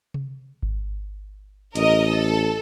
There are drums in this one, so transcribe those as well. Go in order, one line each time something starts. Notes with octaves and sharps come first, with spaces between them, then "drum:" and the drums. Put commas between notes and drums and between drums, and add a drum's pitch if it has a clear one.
drum: tom C3
drum: kick G#1
A1 A#4 D#5, drum: hi-hat
A4